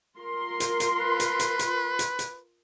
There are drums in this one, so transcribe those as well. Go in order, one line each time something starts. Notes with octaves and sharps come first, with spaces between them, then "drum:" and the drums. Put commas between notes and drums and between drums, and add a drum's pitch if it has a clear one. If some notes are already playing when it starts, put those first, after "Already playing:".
F4 A#4 C6
drum: hi-hat
drum: hi-hat
B4
drum: hi-hat
drum: hi-hat
drum: hi-hat
drum: hi-hat
drum: hi-hat